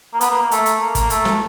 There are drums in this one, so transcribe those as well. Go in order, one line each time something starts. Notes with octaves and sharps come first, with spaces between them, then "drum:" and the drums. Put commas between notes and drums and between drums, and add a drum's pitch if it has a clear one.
A#3
B3, drum: hi-hat
A#3
A#3
A3, drum: hi-hat
drum: hi-hat
A#3
A#3, drum: kick, hi-hat
A3, drum: hi-hat
drum: snare